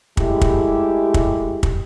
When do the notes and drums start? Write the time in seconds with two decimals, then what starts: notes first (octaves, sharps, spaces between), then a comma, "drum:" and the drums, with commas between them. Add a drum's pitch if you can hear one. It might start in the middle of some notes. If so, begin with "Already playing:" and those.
0.17 G#3 A3 E4 G4, drum: kick
0.41 drum: kick
1.14 drum: kick
1.63 drum: kick